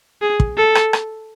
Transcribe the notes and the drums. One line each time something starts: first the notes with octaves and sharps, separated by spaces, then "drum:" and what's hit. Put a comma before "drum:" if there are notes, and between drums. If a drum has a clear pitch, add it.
G#4
drum: kick
A4
drum: rim click
drum: rim click